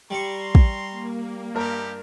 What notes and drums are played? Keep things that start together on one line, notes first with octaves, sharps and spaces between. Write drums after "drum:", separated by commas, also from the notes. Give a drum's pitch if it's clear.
G3 A#5 C6 C#6
drum: kick
A#3
G2 D#4 E4 G4 A#4 A#5